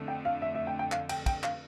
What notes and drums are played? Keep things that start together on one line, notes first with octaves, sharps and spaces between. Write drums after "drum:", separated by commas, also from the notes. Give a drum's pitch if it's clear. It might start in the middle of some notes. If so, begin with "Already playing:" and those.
Already playing: F2 D3 A3
G5
F5
E5
E5
G5
G5
F5, drum: clap
G5, drum: cymbal
G5, drum: kick, cymbal
F5, drum: clap